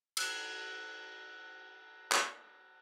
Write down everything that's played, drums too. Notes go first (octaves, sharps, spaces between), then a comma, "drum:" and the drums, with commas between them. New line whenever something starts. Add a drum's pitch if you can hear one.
E6 F#6, drum: cymbal
drum: clap